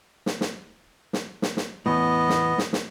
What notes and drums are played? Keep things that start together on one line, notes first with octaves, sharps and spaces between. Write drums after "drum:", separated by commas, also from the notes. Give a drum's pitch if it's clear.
drum: snare
drum: snare
drum: snare
drum: snare
drum: snare
E2 A2 B3 D#5
drum: snare
drum: snare
drum: snare